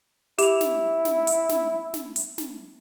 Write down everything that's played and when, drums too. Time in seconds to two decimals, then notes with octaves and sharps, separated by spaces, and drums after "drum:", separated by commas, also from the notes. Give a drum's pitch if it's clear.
0.38 E4 G4 F7, drum: hi-hat
0.61 drum: snare
1.05 drum: snare
1.27 drum: hi-hat
1.49 drum: snare
1.94 drum: snare
2.16 drum: hi-hat
2.38 drum: snare